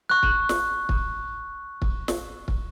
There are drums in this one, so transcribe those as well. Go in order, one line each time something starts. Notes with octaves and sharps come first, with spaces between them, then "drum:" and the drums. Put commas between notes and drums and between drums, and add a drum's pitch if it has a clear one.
C#6 F#6
drum: kick
drum: snare
drum: kick
drum: kick
drum: snare
drum: kick